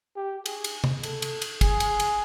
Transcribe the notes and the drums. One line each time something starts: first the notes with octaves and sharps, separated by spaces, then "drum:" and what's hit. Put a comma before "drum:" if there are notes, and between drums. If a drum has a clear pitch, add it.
G4
G#4, drum: cymbal
drum: cymbal
drum: tom
A4, drum: cymbal
drum: cymbal
drum: cymbal
G#4, drum: kick, cymbal
drum: cymbal
drum: cymbal